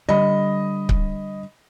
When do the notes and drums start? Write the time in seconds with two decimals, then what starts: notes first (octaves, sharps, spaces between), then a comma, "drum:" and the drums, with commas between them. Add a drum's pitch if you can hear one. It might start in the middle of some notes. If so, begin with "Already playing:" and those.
0.09 D3 G3 D#5 B5
0.89 drum: kick C#1